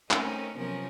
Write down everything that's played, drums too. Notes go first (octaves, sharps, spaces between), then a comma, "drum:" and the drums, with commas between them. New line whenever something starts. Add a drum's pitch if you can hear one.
A3 C4 C#4 D#4 A#4, drum: clap
C3 F3 F#3 B3 C#4 A#4